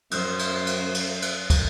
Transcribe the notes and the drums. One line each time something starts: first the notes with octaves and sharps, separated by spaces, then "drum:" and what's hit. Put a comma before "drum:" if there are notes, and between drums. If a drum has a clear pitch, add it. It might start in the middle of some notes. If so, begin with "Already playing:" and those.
F#2 C5, drum: cymbal
drum: cymbal
drum: cymbal
drum: cymbal
drum: cymbal
drum: kick, cymbal